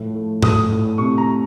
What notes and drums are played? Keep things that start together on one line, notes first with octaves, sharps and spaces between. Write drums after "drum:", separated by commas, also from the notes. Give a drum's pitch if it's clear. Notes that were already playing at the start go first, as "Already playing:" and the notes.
Already playing: A2 F3 A3
A3
A3 D#6, drum: tom G#2
A2
C3 C#6
A#5